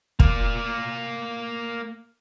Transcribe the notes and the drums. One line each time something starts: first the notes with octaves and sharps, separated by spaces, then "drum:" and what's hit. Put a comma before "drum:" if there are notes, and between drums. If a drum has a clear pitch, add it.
A#3 D5, drum: kick